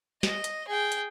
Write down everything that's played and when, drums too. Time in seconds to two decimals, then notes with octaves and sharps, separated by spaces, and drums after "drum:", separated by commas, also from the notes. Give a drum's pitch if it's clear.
0.23 D#5, drum: snare
0.44 drum: hi-hat
0.68 G#4 G5
0.92 drum: hi-hat